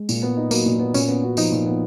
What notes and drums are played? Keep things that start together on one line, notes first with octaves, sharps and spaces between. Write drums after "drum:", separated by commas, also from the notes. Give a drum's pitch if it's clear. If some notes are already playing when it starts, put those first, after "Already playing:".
Already playing: G#3
A#2, drum: tambourine
B3
D#4
F#3 A#3, drum: tambourine
A#2
B3
A#2 C#4, drum: tambourine
B3
F#4
F3 D#4, drum: tambourine
A#2
B3